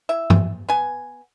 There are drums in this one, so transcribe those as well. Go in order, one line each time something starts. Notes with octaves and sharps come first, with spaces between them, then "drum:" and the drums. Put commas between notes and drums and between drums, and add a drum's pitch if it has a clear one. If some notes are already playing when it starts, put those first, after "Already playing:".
E4 E5
drum: tom
B3 G#5